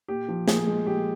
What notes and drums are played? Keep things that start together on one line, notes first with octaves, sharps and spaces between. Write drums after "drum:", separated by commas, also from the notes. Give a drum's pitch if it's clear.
A#2 G4
F3
A#2 G#4, drum: snare
G#3
A#2 G4